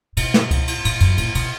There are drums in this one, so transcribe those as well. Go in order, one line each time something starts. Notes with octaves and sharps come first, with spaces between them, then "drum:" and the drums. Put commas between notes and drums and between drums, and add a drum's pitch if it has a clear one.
B2, drum: cymbal
drum: snare
drum: kick C#2, cymbal
drum: cymbal
A#2, drum: cymbal
F#2, drum: cymbal
A#2, drum: cymbal
B2, drum: cymbal